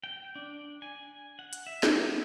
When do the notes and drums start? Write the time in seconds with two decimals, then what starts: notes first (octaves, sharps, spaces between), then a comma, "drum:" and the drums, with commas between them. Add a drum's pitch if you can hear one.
0.04 G5
0.35 D4
0.82 G#5
1.39 F#5
1.53 drum: hi-hat
1.67 E5
1.83 drum: snare